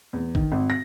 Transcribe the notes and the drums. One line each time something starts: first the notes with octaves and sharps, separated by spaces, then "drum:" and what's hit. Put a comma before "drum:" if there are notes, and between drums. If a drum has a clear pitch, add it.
E2
D#3, drum: kick G#1
G#1
A#6